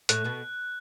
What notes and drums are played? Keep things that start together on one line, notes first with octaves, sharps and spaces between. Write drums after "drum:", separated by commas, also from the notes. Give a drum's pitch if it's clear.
A2 A3 F#6, drum: hi-hat
B2 B3